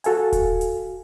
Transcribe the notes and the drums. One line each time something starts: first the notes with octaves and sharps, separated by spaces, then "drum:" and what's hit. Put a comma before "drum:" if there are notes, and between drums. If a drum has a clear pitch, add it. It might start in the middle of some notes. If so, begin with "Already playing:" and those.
F#4 A4 F5 G#5, drum: hi-hat
drum: kick D#1, hi-hat
drum: hi-hat